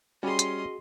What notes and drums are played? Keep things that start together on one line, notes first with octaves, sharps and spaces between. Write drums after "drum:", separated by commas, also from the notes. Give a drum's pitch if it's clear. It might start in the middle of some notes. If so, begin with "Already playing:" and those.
G3 C#4 F#4 G#4 D#5 C6
drum: hi-hat